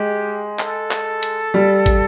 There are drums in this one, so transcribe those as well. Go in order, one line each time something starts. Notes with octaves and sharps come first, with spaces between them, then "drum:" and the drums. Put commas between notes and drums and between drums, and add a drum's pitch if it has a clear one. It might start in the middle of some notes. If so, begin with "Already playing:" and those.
Already playing: G#3 G4
A4, drum: clap
drum: clap
drum: hi-hat
G3
drum: kick, hi-hat